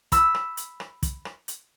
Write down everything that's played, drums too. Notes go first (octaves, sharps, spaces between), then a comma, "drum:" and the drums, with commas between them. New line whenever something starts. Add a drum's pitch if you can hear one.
B5 E6, drum: kick, hi-hat
drum: rim click
drum: hi-hat
drum: rim click
drum: kick, hi-hat
drum: rim click
drum: hi-hat